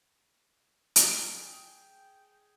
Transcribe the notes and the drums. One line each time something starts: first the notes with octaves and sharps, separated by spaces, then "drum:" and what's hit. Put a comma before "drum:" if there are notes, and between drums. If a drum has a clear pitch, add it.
drum: hi-hat
G#4 G5